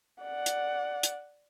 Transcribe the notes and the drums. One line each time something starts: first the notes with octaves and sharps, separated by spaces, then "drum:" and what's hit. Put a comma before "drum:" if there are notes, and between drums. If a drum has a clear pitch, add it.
D5 F#5
drum: hi-hat
drum: hi-hat